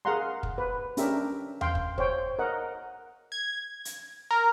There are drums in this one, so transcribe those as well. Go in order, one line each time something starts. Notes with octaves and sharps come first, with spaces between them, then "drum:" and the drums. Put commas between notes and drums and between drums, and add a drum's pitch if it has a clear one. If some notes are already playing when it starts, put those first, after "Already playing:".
G#4 A#4 F5 F#5 A#5 C6
drum: kick
B4
C#4 D4 G4 A#4 E5, drum: hi-hat
F5 G5 C6, drum: tom E2
drum: kick
C5 C#5 G5 C#6, drum: kick
A#4 D#5 F#5
G#6
drum: hi-hat
A#4